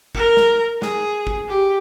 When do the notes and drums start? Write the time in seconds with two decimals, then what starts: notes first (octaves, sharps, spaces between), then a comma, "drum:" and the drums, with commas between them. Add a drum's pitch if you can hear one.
0.15 A#4, drum: kick
0.37 drum: snare
0.82 G#4, drum: snare
1.27 drum: kick
1.49 G4